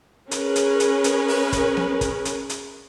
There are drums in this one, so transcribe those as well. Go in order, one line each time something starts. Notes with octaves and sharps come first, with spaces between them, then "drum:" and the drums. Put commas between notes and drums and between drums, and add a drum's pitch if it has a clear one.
C#4 G#4 A#4 B4, drum: hi-hat
drum: hi-hat
drum: hi-hat
drum: hi-hat
drum: open hi-hat
drum: kick, hi-hat
drum: snare B3
drum: kick, hi-hat
drum: hi-hat
drum: hi-hat